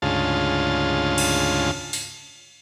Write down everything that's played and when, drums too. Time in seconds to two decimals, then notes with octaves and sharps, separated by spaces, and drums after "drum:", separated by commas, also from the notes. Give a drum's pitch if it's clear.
0.02 D2 G#2 C#3 F4 A5
1.18 drum: cymbal
1.93 drum: open hi-hat